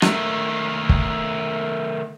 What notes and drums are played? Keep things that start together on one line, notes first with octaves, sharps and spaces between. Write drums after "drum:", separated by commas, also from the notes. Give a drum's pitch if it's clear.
D#3 A3, drum: rim click
drum: kick